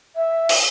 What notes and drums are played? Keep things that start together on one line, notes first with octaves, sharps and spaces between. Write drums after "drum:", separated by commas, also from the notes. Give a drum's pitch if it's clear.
E5
drum: cymbal